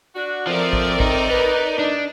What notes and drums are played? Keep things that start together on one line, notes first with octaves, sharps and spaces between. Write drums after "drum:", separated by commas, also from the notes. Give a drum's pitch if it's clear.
D4 F#4
D#3 F3 A3 C4 A#4 D5
drum: kick A1
D#4, drum: kick A1
B4
G#2 D4 D#4